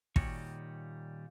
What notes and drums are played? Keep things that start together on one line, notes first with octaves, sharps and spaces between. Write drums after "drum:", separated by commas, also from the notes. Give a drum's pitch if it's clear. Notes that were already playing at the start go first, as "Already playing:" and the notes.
A#2 D#3 G3 F#4 C#5, drum: kick